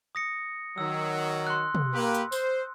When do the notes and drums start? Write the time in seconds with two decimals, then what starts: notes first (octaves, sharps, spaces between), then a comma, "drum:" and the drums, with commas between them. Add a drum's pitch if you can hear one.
0.15 D#6 A#6 C#7
0.78 D#3 F#3 E6
1.47 C6 F#6
1.75 drum: tom
1.94 A#3 G4 B4
2.15 drum: hi-hat
2.32 C5, drum: tambourine